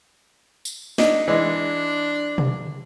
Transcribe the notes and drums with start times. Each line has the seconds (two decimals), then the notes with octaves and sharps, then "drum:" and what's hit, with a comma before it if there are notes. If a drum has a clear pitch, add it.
0.65 drum: tambourine
0.98 D4 D#4, drum: snare
1.28 E3 G#3 D4
2.38 drum: tom B2